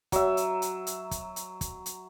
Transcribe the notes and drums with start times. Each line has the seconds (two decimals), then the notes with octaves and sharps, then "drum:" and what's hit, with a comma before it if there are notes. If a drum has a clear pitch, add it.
0.12 F#3 E5, drum: kick, hi-hat
0.37 drum: hi-hat
0.62 drum: hi-hat
0.87 drum: hi-hat
1.11 drum: kick, hi-hat
1.36 drum: hi-hat
1.61 drum: kick, hi-hat
1.86 drum: hi-hat